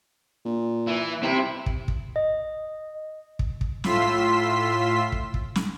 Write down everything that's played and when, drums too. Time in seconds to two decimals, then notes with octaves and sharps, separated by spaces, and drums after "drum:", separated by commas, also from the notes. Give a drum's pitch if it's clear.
0.45 A#2
0.88 E3
1.23 C2 C3 E4
1.66 drum: kick
1.88 drum: kick
2.16 D#5
3.39 drum: kick
3.61 drum: kick
3.84 A2 F4 C6 E6 B6, drum: snare
5.12 drum: kick
5.34 drum: kick
5.55 drum: snare